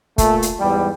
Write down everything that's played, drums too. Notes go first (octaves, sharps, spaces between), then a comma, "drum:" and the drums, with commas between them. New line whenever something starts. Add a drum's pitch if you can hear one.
A#2 A3, drum: kick, hi-hat
drum: hi-hat
E2 G#2 G3